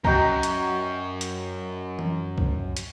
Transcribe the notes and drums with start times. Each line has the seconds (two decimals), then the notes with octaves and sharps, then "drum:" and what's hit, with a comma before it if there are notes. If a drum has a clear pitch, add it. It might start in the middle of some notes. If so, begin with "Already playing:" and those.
0.04 F#2 F#4 D#5 G5 A#5 G6, drum: kick C2
0.43 drum: hi-hat
1.21 drum: hi-hat
1.99 drum: tom E3
2.38 drum: kick C2
2.77 drum: hi-hat